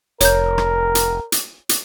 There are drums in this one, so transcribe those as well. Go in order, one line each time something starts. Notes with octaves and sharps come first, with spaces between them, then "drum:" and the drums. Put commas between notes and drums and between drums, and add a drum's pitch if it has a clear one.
F1 A#4 C#5 G6, drum: hi-hat
drum: rim click
drum: hi-hat
drum: hi-hat
drum: hi-hat